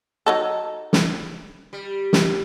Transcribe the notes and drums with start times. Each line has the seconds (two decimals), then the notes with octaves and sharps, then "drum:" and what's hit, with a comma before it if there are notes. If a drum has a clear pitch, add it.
0.26 F#3 D#4 A4
0.93 drum: snare
1.73 G3
2.13 drum: snare